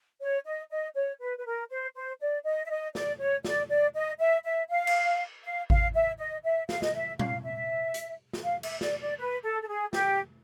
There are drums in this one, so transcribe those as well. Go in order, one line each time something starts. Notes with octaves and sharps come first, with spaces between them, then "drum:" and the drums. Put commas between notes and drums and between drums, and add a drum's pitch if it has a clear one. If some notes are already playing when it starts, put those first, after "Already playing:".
C#5
D#5
D#5
C#5
B4
B4
A#4
C5
C5
D5
D#5
E5
D#5
D5, drum: snare
C#5
D5, drum: snare
D5
D#5
E5
E5
F5
drum: cymbal
F5
F5, drum: kick G#1
E5
D#5
E5
F5, drum: snare
D#5, drum: snare
E5
F5, drum: tom A#2
E5
drum: hi-hat
drum: snare
F5
E5, drum: cymbal
D5, drum: snare
D5
B4
A4
A4
G#4
G4, drum: snare